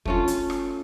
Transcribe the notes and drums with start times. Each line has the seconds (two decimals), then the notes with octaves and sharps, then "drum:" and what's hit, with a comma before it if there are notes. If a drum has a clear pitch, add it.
0.05 A3 C#4 F4, drum: kick
0.28 drum: hi-hat
0.50 drum: rim click